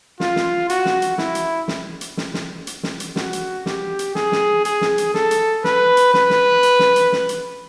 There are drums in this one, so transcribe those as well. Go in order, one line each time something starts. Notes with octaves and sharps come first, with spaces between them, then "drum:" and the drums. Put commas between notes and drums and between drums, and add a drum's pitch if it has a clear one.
F4, drum: snare
drum: snare
F#4, drum: hi-hat
drum: snare
drum: hi-hat
E4, drum: snare
drum: hi-hat
drum: snare
drum: hi-hat
drum: snare
drum: snare
drum: hi-hat
drum: snare
drum: hi-hat
F#4, drum: snare
drum: hi-hat
G4, drum: snare
drum: hi-hat
G#4, drum: snare
drum: snare
G#4, drum: hi-hat
drum: snare
drum: hi-hat
A4, drum: snare
drum: hi-hat
B4, drum: snare
drum: hi-hat
B4, drum: snare
drum: snare
drum: hi-hat
drum: snare
drum: hi-hat
drum: snare
drum: hi-hat